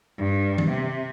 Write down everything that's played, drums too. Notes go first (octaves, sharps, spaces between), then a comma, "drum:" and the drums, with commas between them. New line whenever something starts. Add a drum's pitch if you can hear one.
G2
drum: tom D#3
C3